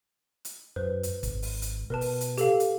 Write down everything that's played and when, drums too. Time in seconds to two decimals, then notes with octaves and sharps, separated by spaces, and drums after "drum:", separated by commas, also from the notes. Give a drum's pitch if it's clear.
0.45 drum: hi-hat
0.76 F#2 B4 C5
1.03 drum: hi-hat
1.23 G#1, drum: kick, hi-hat
1.42 drum: open hi-hat
1.62 drum: hi-hat
1.90 B2 A#4 B4 A5
2.01 drum: open hi-hat
2.21 drum: hi-hat
2.38 G4 A4 F5, drum: hi-hat
2.60 drum: hi-hat